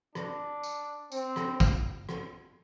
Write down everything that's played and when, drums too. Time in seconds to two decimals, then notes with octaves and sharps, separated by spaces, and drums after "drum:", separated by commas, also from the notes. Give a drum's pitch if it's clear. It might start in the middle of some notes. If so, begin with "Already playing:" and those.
0.15 D4, drum: rim click
0.63 drum: tambourine
1.12 C4, drum: tambourine
1.36 drum: rim click
1.60 drum: kick, tambourine
2.09 drum: rim click